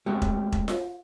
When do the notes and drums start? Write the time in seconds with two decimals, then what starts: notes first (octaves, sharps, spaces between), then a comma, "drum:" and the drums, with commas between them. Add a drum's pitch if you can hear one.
0.06 G#3 A3 C4 F#4 G4
0.22 drum: kick E1
0.52 drum: kick E1
0.68 drum: snare F4